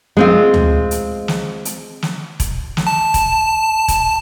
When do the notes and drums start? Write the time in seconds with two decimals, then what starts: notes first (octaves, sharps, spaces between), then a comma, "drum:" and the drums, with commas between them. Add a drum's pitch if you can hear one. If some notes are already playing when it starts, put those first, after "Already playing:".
0.17 G#3 C4 F4
0.54 drum: tom
0.91 drum: hi-hat
1.28 drum: snare
1.65 drum: hi-hat
2.02 drum: snare
2.40 drum: kick E1, hi-hat
2.77 drum: snare
2.87 A5
3.14 drum: kick E1, hi-hat
3.88 drum: kick E1, hi-hat